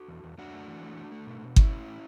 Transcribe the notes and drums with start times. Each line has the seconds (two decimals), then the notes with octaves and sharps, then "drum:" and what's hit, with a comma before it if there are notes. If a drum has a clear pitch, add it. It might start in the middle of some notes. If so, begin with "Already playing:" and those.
Already playing: F#4 A4
0.08 E2
0.24 E2
0.38 F#2 D4 F#4
0.53 A3
0.68 E3
0.83 A3
0.97 A3
1.12 A3
1.27 B2
1.42 B2
1.56 A2 C#4 E4, drum: kick G1
1.72 A2
1.87 A2